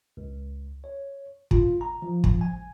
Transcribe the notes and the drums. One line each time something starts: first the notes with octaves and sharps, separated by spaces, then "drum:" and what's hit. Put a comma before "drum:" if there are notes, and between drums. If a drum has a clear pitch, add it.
C#2
C#5
F4, drum: kick
A#5
F3
drum: kick
G#5